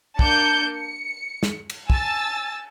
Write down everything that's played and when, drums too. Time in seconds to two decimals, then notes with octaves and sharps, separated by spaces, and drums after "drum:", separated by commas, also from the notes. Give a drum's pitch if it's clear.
0.19 A#3 D4 A5 G6 C#7 D7, drum: kick
0.75 C#7
1.43 drum: snare
1.70 drum: cymbal
1.90 G#5 A5 E6 A6, drum: kick